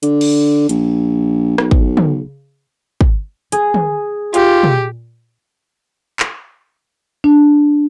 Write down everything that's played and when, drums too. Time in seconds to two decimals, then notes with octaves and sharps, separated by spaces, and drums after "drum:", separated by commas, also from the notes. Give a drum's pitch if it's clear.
0.03 D3, drum: hi-hat
0.21 drum: cymbal
0.69 A#1, drum: hi-hat
1.58 B1, drum: rim click
1.71 drum: kick
1.97 drum: tom
3.01 drum: kick
3.52 G#4, drum: hi-hat
3.74 drum: tom
4.34 F4 G4, drum: hi-hat
4.63 drum: tom
6.20 drum: clap
7.24 D4